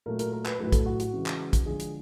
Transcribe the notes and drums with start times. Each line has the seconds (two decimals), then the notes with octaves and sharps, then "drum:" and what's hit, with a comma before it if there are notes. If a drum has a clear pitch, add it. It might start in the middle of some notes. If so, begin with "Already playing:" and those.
0.06 A#2 F#3 A3 A#4
0.19 A#4, drum: hi-hat
0.33 A#4
0.46 B4, drum: clap
0.59 A2 F#3 A3 B4
0.72 A4, drum: kick, hi-hat
0.86 F#4
1.00 F#4, drum: hi-hat
1.13 C#3 E3 G#3
1.26 drum: clap
1.53 drum: kick, hi-hat
1.66 D3 F3 G#3 G#4
1.80 drum: hi-hat